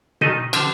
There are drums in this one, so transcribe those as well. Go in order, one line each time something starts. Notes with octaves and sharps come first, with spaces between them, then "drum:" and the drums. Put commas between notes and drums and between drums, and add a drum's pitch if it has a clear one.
D#3 A3 D#4 D#5, drum: tom B2
D3 F3, drum: cymbal